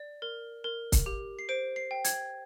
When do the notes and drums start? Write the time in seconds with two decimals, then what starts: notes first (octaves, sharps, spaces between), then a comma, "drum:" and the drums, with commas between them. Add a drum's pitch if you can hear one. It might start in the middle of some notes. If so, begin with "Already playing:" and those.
Already playing: D5
0.22 A#4
0.64 A#4
0.92 drum: kick, hi-hat
1.06 G4
1.39 C7
1.49 C5 D7
1.76 C7
1.91 G5
2.04 G#6, drum: hi-hat